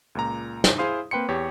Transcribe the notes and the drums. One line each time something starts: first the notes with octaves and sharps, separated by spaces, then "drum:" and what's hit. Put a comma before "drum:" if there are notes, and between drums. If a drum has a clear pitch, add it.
C#2 A#2 A#5
drum: snare
E4 G#4 C5 F5 C6 D#6
A#3 C4 B4 G5 C6 C#7
E2 G4 C#5